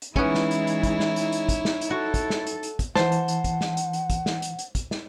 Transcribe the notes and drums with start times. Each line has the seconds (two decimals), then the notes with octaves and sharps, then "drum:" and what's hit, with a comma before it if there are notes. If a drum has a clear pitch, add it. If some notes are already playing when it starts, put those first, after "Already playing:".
0.02 drum: hi-hat
0.16 E3 G#3 B3 C#4 D#4 E4 C#5, drum: kick
0.35 drum: snare
0.51 drum: hi-hat
0.67 drum: hi-hat
0.83 drum: kick, hi-hat
1.00 drum: snare
1.16 drum: hi-hat
1.32 drum: hi-hat
1.49 drum: kick, hi-hat
1.65 drum: snare
1.81 drum: hi-hat
1.90 F#4 A4
2.14 drum: kick, hi-hat
2.30 drum: snare
2.47 drum: hi-hat
2.63 drum: hi-hat
2.79 drum: kick, hi-hat
2.95 E3 C5 F#5 A5, drum: snare
3.12 drum: hi-hat
3.28 drum: hi-hat
3.44 drum: kick, hi-hat
3.61 drum: snare
3.77 drum: hi-hat
3.93 drum: hi-hat
4.10 drum: kick, hi-hat
4.26 drum: snare
4.42 drum: hi-hat
4.59 drum: hi-hat
4.75 drum: kick, hi-hat
4.91 drum: snare